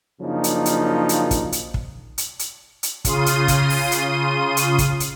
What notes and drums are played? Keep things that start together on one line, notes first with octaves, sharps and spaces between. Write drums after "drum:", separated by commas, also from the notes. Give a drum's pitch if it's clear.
F#2 C#3 F3 A#3 D4 D#4
drum: hi-hat
drum: hi-hat
drum: hi-hat
drum: kick, hi-hat
drum: hi-hat
drum: kick
drum: hi-hat
drum: hi-hat
drum: hi-hat
C#3 F4 C6 D#6 D#7, drum: kick, hi-hat
drum: hi-hat
drum: kick, hi-hat
drum: open hi-hat
drum: hi-hat
drum: hi-hat
drum: kick, hi-hat
drum: hi-hat